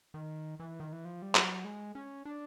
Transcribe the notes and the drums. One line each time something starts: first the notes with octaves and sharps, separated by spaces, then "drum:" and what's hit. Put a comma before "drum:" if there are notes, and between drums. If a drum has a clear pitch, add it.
D#3
E3
D#3
E3
F3
G3
F#3, drum: clap
G#3
C#4
D4